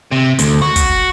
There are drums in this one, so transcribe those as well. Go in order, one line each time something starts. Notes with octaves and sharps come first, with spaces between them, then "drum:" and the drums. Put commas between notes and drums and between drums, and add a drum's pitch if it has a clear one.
C3
D2, drum: hi-hat
F#4
drum: kick, hi-hat